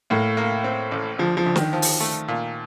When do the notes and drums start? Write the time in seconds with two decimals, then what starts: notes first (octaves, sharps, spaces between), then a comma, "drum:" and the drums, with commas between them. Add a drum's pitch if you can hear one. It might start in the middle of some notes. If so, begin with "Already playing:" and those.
0.10 A2 A#3
0.37 A#3
0.64 C4
0.91 A1
1.19 D2 F3
1.37 F3
1.46 D2
1.56 D#3, drum: snare
1.73 F3
1.82 drum: open hi-hat
2.00 A3
2.28 A#2